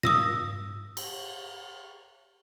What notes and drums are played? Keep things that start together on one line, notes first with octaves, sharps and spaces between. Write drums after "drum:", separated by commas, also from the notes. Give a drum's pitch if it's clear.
D#6 E6 A#6, drum: tom
drum: cymbal